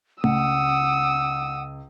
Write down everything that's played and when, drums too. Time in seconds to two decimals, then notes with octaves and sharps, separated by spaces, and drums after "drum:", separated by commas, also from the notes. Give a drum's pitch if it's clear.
0.24 C#2 F#5 D#6 E6, drum: tom A3